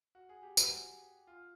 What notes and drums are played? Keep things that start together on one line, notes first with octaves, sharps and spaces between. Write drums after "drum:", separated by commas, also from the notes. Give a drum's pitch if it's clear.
F#4
G#4
G4
F#4, drum: tambourine
F4